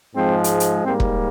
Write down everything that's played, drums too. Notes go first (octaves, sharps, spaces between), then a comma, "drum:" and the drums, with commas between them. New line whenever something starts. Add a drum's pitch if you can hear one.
G#2 F3 G#3 C4
drum: hi-hat
drum: hi-hat
G#2 G3 A#3 C4
drum: kick E1